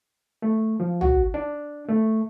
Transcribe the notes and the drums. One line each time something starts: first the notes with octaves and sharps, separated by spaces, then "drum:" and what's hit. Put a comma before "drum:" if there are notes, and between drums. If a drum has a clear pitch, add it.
A3
F3
F#4, drum: tom A#1
D4
A3